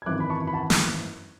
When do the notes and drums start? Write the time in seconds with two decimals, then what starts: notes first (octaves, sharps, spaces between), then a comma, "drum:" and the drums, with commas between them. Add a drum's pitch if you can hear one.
0.02 G#6
0.06 G#1 F#2 E3 D6 F#6
0.20 B5
0.30 A5 C#6
0.47 B5
0.53 F#5 A5
0.70 drum: snare